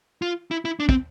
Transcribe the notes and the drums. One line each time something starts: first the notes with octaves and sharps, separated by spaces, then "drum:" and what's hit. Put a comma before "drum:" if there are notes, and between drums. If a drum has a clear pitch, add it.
F4
E4
E4
D4
C4, drum: kick